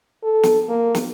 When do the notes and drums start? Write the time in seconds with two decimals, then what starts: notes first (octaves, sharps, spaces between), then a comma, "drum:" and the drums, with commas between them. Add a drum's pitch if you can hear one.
0.23 A4
0.43 drum: snare
0.69 A#3
0.95 drum: snare